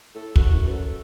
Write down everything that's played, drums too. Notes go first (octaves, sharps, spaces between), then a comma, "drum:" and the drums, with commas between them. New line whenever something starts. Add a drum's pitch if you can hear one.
A2 A4
F#2 F#4, drum: kick
A2
F#2
B4
A4